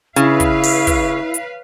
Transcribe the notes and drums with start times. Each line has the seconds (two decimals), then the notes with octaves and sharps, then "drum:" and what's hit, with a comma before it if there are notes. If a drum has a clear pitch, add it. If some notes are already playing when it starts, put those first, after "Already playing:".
0.16 C#3 E4 B4 F5, drum: hi-hat
0.40 drum: kick, hi-hat
0.63 drum: open hi-hat
0.87 drum: kick, hi-hat
1.34 drum: hi-hat